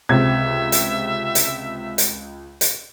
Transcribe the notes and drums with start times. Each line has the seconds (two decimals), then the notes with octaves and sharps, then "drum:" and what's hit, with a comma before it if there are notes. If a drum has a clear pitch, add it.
0.09 C#2 C3 E5 G#6
0.72 drum: hi-hat
1.35 drum: hi-hat
1.98 drum: hi-hat
2.61 drum: hi-hat